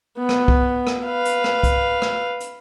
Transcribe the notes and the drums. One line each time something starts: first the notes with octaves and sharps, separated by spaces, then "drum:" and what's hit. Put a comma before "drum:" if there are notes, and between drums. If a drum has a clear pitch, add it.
B3
drum: rim click
drum: kick
drum: rim click
B4 F5
drum: hi-hat
drum: rim click
drum: kick, hi-hat
drum: rim click
drum: hi-hat